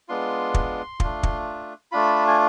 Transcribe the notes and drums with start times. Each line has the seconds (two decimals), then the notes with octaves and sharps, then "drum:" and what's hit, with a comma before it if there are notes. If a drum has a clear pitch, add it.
0.09 G#3 B3 D4 F4 C6
0.54 drum: kick
1.00 A3 D4 F4, drum: kick
1.23 drum: kick
1.92 A3 D4 F4 B5
2.28 G#5